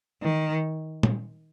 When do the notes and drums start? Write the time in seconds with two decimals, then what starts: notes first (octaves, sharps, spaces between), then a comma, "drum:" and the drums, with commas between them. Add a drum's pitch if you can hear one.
0.22 D#3
1.03 drum: tom